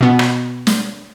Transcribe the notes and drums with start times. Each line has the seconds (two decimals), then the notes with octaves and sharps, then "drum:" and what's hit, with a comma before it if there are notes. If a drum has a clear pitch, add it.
0.01 B2 B3
0.19 drum: rim click
0.67 drum: snare